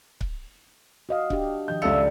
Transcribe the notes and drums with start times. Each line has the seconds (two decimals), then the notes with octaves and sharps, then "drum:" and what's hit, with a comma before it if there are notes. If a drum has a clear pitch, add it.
0.21 drum: kick C#1
1.09 F#4 D#5 F5
1.30 D4 G4, drum: kick C#1
1.68 D#3 F3 D#5 G6
1.82 C#2 G3 A4 E5 F5 E6 C#7